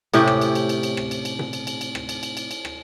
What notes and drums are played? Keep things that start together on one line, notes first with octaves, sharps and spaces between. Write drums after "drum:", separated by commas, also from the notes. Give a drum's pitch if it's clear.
A2 C3 C#4 G4, drum: cymbal
drum: rim click
drum: cymbal
drum: cymbal
drum: cymbal
drum: cymbal
drum: rim click
drum: cymbal
drum: cymbal
drum: tom B2
drum: cymbal
drum: cymbal
drum: cymbal
drum: rim click
drum: cymbal
drum: cymbal
drum: cymbal
drum: cymbal
drum: rim click